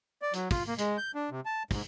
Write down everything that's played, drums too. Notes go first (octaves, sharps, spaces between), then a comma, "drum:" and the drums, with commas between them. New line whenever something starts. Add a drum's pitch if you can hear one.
D5
F#3, drum: hi-hat
F4, drum: kick, open hi-hat
A#3
G#3, drum: hi-hat
G6
D4
C3
A5
G#2, drum: kick, open hi-hat